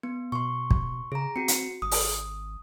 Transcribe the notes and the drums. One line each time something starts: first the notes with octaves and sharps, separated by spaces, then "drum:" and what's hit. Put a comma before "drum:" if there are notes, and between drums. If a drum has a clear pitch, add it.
B3
B2 C6 C#6
drum: kick
C#3 G#4 A#5
C4 F#4 C#7
drum: hi-hat
G#1 D#6
drum: open hi-hat